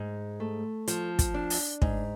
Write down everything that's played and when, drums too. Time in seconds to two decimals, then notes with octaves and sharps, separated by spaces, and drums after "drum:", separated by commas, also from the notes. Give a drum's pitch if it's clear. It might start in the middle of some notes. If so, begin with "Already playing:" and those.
Already playing: G#2
0.40 A3
0.88 F3, drum: hi-hat
1.19 drum: kick, hi-hat
1.34 D4
1.50 drum: open hi-hat
1.82 G#2, drum: kick